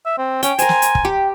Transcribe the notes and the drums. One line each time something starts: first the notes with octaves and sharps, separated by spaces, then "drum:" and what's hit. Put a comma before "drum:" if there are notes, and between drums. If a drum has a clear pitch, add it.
E5
C4
C#4 G5, drum: hi-hat
A#4 C5 G#5, drum: hi-hat
drum: snare
drum: hi-hat
drum: kick
G4